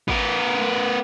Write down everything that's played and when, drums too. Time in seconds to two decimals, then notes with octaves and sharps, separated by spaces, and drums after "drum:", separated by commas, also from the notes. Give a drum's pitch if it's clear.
0.08 B3 A#4, drum: kick
0.54 drum: tom